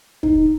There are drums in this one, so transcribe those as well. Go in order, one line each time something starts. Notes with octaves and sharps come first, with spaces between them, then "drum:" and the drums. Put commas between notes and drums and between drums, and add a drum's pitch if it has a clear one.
D#4, drum: kick